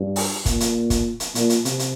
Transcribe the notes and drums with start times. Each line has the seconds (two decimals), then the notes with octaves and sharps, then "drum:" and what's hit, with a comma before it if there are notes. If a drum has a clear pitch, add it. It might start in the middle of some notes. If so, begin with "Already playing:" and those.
Already playing: G2
0.16 drum: open hi-hat
0.45 A#2, drum: kick, hi-hat
0.60 drum: hi-hat
0.90 drum: kick, hi-hat
1.20 drum: hi-hat
1.35 A#2, drum: hi-hat
1.50 drum: hi-hat
1.65 C3, drum: hi-hat
1.79 drum: hi-hat